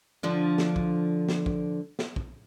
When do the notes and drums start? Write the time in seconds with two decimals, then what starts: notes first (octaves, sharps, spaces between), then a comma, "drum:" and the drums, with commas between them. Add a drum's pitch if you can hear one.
0.23 D3 F3 D4
0.58 drum: snare
0.76 drum: kick
1.29 drum: snare
1.46 drum: kick
1.99 drum: snare
2.16 drum: kick